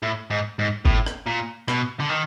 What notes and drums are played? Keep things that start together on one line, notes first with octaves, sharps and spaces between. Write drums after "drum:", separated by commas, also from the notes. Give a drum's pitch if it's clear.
A2
G#2
G#2
A2, drum: kick G1
drum: rim click
A#2
B2, drum: rim click
D3
D#3